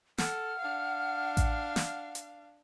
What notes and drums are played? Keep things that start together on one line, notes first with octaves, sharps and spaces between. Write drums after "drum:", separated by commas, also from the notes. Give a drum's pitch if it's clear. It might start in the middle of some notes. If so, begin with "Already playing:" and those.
A4 F#5 F6, drum: snare
D4 F5
drum: kick A1, hi-hat
drum: snare
drum: hi-hat